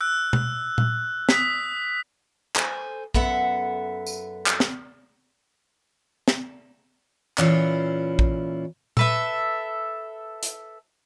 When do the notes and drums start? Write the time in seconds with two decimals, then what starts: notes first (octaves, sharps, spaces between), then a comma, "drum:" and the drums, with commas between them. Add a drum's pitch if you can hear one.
0.01 E6 F#6
0.33 drum: tom B2
0.78 drum: tom A#2
1.29 D#6 B6, drum: snare
2.56 A4 C5 G#5, drum: clap
3.14 F#2 B3 A4 E5 F#5, drum: kick
4.06 drum: tambourine
4.46 drum: clap
4.60 drum: snare
6.28 drum: snare
7.38 A#2 E3 C#4 E4 F4, drum: clap
8.19 drum: kick
8.97 A4 B4 E5, drum: tom A#2
10.43 drum: hi-hat